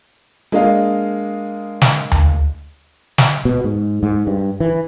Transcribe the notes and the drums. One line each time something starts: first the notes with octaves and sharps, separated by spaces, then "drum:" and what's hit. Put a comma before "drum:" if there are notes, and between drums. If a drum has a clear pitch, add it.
G#3 A#3 D4 D#5 F5
drum: snare
drum: tom D2
drum: snare
B2
G#2
G#2
G2
E3